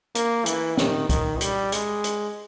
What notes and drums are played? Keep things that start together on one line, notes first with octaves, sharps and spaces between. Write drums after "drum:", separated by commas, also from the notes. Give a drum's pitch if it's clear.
A#3, drum: hi-hat
E3, drum: hi-hat
D#3, drum: snare
D#3, drum: kick, hi-hat
G3, drum: hi-hat
G#3, drum: hi-hat
drum: hi-hat